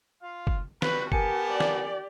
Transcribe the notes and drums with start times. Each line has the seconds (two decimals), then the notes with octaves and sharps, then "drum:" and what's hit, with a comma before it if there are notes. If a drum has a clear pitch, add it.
0.23 F4 F5
0.47 drum: kick F#1
0.82 G3 F#4 B4, drum: snare
1.12 B3 G4 A#4 G#5 A5 C#7, drum: kick F#1
1.48 D5
1.60 drum: snare